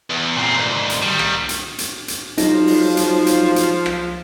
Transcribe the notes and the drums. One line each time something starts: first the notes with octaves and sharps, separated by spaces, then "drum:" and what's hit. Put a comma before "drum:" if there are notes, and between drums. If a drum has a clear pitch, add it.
E2
A#2 C4
D2 G#2
drum: hi-hat
D#3 G3
drum: rim click
drum: hi-hat
drum: hi-hat
drum: hi-hat
F3 F#3 G#3 D#4, drum: hi-hat
drum: open hi-hat
drum: hi-hat
drum: hi-hat
drum: hi-hat
drum: rim click